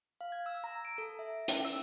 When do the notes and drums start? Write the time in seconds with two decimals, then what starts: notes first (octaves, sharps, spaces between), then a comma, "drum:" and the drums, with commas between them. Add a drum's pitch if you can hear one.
0.21 F5
0.32 G#6
0.46 E6
0.64 A#5
0.85 D7
0.98 A4
1.19 E5
1.48 C#4, drum: hi-hat
1.65 E6